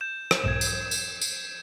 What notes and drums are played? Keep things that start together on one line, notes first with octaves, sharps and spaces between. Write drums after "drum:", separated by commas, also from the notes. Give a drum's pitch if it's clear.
G6 E7
drum: rim click
B1 E2 G#2 G#6 E7
drum: tambourine
drum: tambourine
drum: tambourine